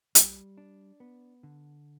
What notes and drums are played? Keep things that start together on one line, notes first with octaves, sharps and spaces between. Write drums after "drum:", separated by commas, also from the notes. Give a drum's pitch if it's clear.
G3, drum: hi-hat
D4
B3
D3